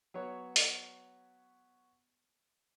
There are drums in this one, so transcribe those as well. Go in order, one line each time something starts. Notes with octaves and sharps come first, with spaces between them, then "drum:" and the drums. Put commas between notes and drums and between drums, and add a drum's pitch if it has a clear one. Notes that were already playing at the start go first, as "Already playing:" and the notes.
F#3 B3 C#5
drum: open hi-hat